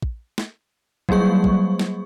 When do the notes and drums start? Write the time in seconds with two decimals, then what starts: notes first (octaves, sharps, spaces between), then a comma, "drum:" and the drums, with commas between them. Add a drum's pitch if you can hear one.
0.02 drum: kick
0.38 drum: snare
1.09 F#3 G3 A#3 G#4 C#6, drum: kick
1.44 drum: kick
1.79 drum: snare